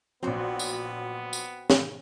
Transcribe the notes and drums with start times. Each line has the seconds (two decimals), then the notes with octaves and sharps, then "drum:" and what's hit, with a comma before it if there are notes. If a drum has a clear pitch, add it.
0.23 A#1 F#3 B3 C4 F#4
0.59 drum: tambourine
1.33 drum: tambourine
1.70 drum: snare